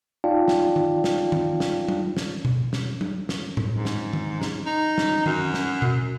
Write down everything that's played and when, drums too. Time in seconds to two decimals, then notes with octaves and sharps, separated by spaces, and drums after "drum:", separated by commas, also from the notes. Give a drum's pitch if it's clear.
0.24 D#4 F4 D5 F5 G5 A5
0.48 drum: snare
0.76 drum: tom D#3
1.04 drum: snare
1.32 drum: tom D#3
1.60 drum: snare
1.88 drum: tom F#3
2.17 drum: snare
2.45 drum: tom B2
2.73 drum: snare
3.01 drum: tom F#3
3.29 drum: snare
3.57 drum: tom A2
3.75 G#2
3.85 drum: snare
4.13 drum: tom D#3
4.41 drum: snare
4.66 D#4
4.98 drum: snare
5.26 F#2, drum: tom D#3
5.54 drum: snare
5.82 drum: tom B2